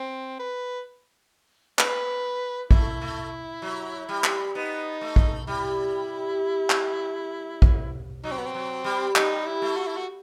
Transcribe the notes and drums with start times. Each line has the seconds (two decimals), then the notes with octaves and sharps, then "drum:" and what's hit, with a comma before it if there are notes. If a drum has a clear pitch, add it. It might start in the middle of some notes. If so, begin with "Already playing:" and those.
Already playing: C4
0.39 B4
1.79 B4, drum: clap
2.71 A3 E4, drum: kick
3.01 A3
3.62 F#3
4.09 G3
4.24 drum: clap
4.55 B3 D#4
5.01 A3
5.16 drum: kick
5.47 G3 E4
6.70 drum: clap
7.62 drum: kick
8.24 F#3 D#4
8.32 C4
8.38 B3
8.46 C4
8.54 F#3
8.84 G3
9.16 G3 D#4, drum: clap
9.47 E4
9.62 A3
9.77 F#4
9.87 E4
9.97 F#4